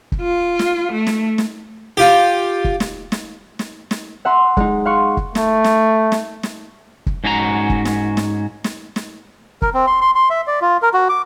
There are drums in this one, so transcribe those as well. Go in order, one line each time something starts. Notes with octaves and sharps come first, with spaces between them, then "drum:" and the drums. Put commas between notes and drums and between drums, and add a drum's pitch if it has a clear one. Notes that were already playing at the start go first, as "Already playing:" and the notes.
drum: kick
F4
drum: snare
A3
drum: snare
drum: snare
F4 G4
drum: kick
drum: snare
drum: snare
drum: snare
drum: snare
E5 F#5 A#5 C6
G#3 D#4, drum: kick
F5 F#5 C6 C#6 C#7
drum: kick
A3, drum: snare
drum: snare
drum: snare
drum: snare
drum: kick
G#2 C#4 F#4 B4 A#5
drum: kick
drum: snare
drum: snare
drum: snare
drum: snare
A#4, drum: kick
C4
C6
C6
C6
E5
D5
F4
A#4
F#4
D6